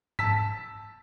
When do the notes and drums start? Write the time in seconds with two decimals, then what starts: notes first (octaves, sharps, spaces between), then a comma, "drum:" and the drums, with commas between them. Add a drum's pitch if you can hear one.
0.19 A5 E6 B6, drum: tom G#2